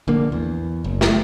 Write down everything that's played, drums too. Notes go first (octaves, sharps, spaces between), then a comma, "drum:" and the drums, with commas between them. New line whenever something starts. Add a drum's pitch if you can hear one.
A#1 D3 A#3
E2
F#1
drum: snare